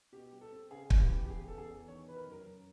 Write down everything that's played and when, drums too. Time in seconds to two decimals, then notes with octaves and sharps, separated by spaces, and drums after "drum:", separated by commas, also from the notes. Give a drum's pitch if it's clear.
0.12 B2 G4
0.32 G3
0.41 A4
0.51 C4
0.70 C#3 G#4
0.90 E3, drum: kick
1.01 G4
1.10 E2
1.25 G4
1.30 C#3 G#4
1.48 E2 A4
1.58 G#4
1.69 E2
1.88 D#3 C#5
2.07 D#3 B4
2.17 A#4
2.27 F#2 A#4
2.47 F#2